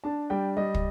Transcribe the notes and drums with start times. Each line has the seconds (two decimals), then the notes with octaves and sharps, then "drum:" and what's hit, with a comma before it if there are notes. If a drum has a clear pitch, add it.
0.04 D4 A5
0.30 G3 G5
0.57 G3 D#5
0.74 drum: kick